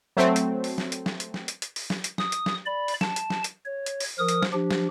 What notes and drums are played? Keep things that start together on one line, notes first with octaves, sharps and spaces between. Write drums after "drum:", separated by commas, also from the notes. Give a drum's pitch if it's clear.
F#3 A3 C4
drum: hi-hat
drum: open hi-hat
drum: snare
drum: hi-hat
drum: snare
drum: hi-hat
drum: snare
drum: hi-hat
drum: hi-hat
drum: open hi-hat
drum: snare
drum: hi-hat
D#6, drum: snare
drum: hi-hat
drum: snare
D5 B5
drum: open hi-hat
A5, drum: snare
drum: hi-hat
drum: snare
drum: hi-hat
C#5
drum: hi-hat
drum: open hi-hat
F3 A#4 D#6
drum: hi-hat
drum: snare
F3 D4 G4
drum: snare